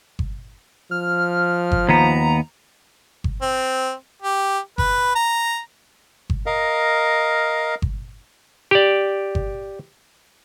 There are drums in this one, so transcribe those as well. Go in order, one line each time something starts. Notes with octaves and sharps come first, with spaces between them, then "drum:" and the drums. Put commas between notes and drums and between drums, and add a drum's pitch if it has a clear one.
drum: kick G1
F3 F6
drum: kick G1
D#2 B3 A#5
drum: kick G1
C4
G4
B4, drum: kick G1
A#5
drum: kick G1
A#4 D#5 F5
drum: kick G1
G4 D5
drum: kick G1